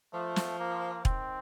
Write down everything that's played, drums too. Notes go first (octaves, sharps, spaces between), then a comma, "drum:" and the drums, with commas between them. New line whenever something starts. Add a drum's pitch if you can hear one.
F3 A3
drum: snare
A#3
D#3 C4, drum: kick E1